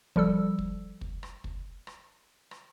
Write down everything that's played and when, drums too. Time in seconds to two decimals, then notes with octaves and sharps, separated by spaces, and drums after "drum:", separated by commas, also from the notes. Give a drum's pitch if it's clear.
0.16 F3 G3 A4 E6, drum: kick
0.59 drum: kick
1.01 drum: kick
1.23 drum: rim click
1.44 drum: kick
1.87 drum: rim click
2.51 drum: rim click